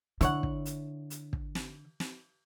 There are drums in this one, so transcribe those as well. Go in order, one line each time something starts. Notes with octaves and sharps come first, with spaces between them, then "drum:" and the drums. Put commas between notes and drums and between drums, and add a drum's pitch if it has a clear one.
D3 E4 C#5 F#5, drum: hi-hat
drum: kick
drum: hi-hat
drum: hi-hat
drum: kick
drum: snare
drum: snare